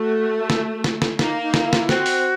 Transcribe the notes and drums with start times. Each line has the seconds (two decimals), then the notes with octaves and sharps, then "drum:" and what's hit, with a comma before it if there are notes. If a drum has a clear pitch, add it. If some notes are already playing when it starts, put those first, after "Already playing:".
Already playing: A3 F#4
0.50 drum: snare
0.84 drum: snare
1.02 drum: snare
1.19 A#3 D#4, drum: snare
1.42 D#4
1.54 drum: snare
1.65 E4
1.73 F4, drum: snare
1.79 E4
1.89 C4 F#4, drum: snare
2.06 drum: open hi-hat